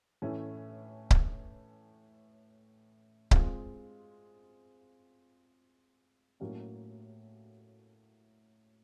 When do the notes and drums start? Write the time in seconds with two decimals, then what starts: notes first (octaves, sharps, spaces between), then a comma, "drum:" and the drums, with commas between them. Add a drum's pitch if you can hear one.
0.22 A2 E3 A3 C#4 E4
1.11 drum: kick C#1
3.31 G#3 C4 F4, drum: kick C#1
6.40 A2 F#3 A#3 C#4